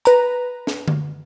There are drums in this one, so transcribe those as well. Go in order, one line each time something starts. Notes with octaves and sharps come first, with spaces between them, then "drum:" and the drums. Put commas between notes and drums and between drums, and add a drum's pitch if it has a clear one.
B4 A#5, drum: hi-hat
drum: snare
drum: tom D3